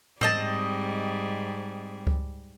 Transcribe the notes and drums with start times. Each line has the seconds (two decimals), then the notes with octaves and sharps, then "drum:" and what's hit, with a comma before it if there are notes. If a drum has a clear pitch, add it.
0.21 G#2 G3 C4 D#5 A5, drum: tom G#2
2.07 drum: kick C#2